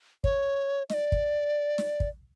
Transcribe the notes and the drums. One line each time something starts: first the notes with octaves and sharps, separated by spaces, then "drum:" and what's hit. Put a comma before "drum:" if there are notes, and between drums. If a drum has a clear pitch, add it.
C#5, drum: kick
D#5, drum: snare
D5
drum: kick
drum: snare
drum: kick